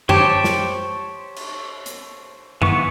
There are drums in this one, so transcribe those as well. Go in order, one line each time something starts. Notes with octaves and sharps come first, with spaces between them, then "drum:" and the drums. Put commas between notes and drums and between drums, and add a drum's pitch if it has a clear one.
G4 C5 C#5 A5, drum: tom F#2
drum: snare
drum: cymbal
drum: hi-hat
E3 B3 C#6, drum: tom F#2